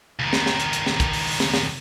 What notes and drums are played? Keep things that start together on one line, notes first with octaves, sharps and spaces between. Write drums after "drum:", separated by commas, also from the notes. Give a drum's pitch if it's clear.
C#2 D#3
drum: snare
drum: snare
drum: hi-hat
drum: hi-hat
drum: snare
drum: kick, hi-hat
drum: open hi-hat
drum: open hi-hat
drum: snare
drum: snare